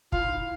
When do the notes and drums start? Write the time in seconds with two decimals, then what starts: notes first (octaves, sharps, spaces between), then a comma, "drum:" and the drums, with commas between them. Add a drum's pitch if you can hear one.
0.12 F4 F5, drum: kick
0.20 E4
0.27 D#4
0.34 E4